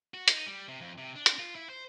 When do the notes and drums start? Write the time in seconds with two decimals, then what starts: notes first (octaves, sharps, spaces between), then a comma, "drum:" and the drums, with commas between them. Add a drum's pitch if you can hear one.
0.14 F#4
0.28 D#4, drum: hi-hat
0.46 G3
0.68 C3
0.81 F2
0.98 C3
1.16 D4
1.26 drum: hi-hat
1.39 F4
1.55 E4
1.70 C5